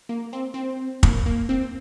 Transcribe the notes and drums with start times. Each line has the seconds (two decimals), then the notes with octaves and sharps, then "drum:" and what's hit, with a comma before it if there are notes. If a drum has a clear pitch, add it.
0.09 A#3
0.33 C4
0.54 C4
1.03 A#3, drum: kick
1.26 A#3
1.49 C4